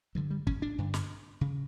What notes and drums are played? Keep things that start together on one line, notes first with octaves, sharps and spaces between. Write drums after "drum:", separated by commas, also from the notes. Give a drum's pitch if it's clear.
G2 D3 F#3
G3
C#4, drum: kick
D4
G2 D3
drum: snare
C#3